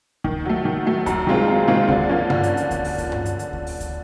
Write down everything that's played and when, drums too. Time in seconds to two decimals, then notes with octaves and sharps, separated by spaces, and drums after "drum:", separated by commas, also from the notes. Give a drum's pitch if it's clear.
0.24 D#3, drum: kick D2
0.45 F#3 A3
0.65 D#3
0.86 F#3 A3
1.06 F#2, drum: kick D2, hi-hat
1.27 D#3 G#3 C4 F4
1.47 F#2
1.68 D#3 G#3 C4 F4
1.88 D3, drum: kick D2
2.09 F3 A#3 C#4
2.30 D3, drum: tom G2
2.43 drum: hi-hat
2.57 drum: hi-hat
2.71 drum: kick D2, hi-hat
2.84 drum: open hi-hat
2.98 drum: kick D2, hi-hat
3.12 drum: tom G2
3.26 drum: hi-hat
3.39 drum: hi-hat
3.53 drum: kick D2
3.67 drum: open hi-hat
3.80 drum: kick D2, hi-hat